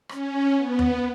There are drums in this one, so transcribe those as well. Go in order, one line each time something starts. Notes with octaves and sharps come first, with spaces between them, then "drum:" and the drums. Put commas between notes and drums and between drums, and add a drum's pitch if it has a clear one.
C#4, drum: rim click
B3
drum: tom D#2